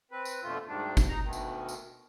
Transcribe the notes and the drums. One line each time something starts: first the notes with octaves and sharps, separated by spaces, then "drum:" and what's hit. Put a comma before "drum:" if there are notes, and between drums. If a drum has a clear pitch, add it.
C4 B4
drum: tambourine
F2 B2 D3 A3 F4
D2 G#2 D#3 G3 D4
drum: kick G1, tambourine
D#4 A#5
D2 B2 D#3
drum: tambourine
drum: tambourine